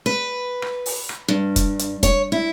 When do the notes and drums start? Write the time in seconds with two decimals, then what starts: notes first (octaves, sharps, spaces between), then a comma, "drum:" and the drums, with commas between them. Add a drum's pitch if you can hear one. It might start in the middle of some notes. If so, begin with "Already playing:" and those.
0.06 B4
0.62 drum: rim click
0.86 drum: open hi-hat
1.09 drum: rim click
1.28 G2
1.56 drum: kick, hi-hat
1.79 drum: hi-hat
2.03 C#5, drum: kick, hi-hat
2.32 E4